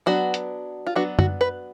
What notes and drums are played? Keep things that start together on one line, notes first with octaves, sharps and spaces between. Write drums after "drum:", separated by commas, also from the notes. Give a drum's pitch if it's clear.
F#3 B3 D4 F#4
drum: hi-hat
F4
F#3 B3 D4 F#4
F#4, drum: tom F#2
B4